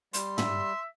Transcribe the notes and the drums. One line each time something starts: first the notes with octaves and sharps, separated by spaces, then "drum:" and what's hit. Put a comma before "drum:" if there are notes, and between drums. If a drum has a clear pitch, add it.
G3 C6, drum: hi-hat
E5, drum: tom